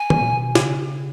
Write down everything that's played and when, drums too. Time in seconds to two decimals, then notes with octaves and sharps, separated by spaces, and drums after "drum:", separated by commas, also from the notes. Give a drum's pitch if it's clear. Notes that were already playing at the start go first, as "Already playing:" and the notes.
Already playing: G#5
0.10 drum: tom D#3
0.21 A#2
0.32 B2
0.55 C#3, drum: snare